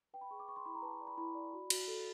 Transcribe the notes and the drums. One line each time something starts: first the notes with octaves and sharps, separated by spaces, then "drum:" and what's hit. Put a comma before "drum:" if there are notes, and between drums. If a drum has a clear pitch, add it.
B4 G5
B5
G#4 C#6
D6
B4 C#6
C6
E4 B5
A#5
B4 A5
A5
D5
B5
E4 B5
D5
F#4
F#4, drum: cymbal
A4